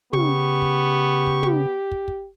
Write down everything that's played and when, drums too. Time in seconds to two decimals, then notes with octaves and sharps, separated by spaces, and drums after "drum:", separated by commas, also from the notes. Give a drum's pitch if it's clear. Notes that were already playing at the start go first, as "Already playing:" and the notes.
0.13 C#3 B3 G4 C#6, drum: tom
0.62 drum: kick
1.27 drum: kick
1.43 drum: tom
1.92 drum: kick
2.08 drum: kick